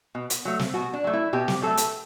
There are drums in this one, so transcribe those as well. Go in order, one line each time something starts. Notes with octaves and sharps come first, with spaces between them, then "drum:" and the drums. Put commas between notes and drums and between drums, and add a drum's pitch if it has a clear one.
B2
drum: hi-hat
F#3 A3
drum: snare
B2 F#4
D4
F#3 A3
E4
B2 G4
drum: snare
F#3 A3 A4
drum: hi-hat